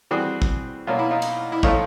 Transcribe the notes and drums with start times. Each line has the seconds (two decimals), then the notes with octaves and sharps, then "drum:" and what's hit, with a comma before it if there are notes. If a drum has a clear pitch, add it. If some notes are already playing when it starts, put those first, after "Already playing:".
0.11 E3 G3 C4 F#4 G#4
0.42 drum: kick
0.87 B2 F#3 A#3 C#4 F4
0.99 E4
1.11 D#4 F4
1.22 drum: cymbal
1.52 E4
1.63 A2 F3 A3 C#4 D#4 F4, drum: kick